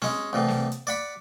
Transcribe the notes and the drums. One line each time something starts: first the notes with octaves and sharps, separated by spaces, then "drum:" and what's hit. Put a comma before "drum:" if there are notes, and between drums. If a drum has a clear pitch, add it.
G#3 C#4, drum: snare
C2 A2 E3
drum: snare
drum: hi-hat
D5 F#5 B5